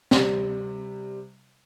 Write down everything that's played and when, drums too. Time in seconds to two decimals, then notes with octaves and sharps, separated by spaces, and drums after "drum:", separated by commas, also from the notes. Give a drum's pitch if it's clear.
0.11 C3 G3, drum: snare